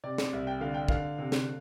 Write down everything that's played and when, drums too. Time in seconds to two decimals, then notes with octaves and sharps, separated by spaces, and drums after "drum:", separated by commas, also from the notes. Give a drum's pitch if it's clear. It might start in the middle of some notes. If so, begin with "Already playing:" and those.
0.04 C3 D5
0.18 D5, drum: snare
0.32 C2 E5
0.47 G5
0.61 D3 F5
0.74 G5
0.88 D3 F5, drum: kick
1.18 C3
1.32 drum: snare